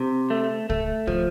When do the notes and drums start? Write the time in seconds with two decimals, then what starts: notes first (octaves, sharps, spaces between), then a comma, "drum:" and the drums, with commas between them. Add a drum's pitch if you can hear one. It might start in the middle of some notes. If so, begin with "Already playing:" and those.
Already playing: C3
0.30 A3
0.70 A3, drum: kick
1.07 F3, drum: kick